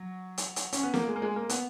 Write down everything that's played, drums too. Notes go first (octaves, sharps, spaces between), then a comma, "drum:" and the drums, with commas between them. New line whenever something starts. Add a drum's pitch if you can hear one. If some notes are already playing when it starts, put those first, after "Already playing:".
Already playing: F#3
drum: hi-hat
drum: hi-hat
C#4, drum: hi-hat
B3
A#3, drum: snare
G#3
A#3
G#3
A#3
B3, drum: hi-hat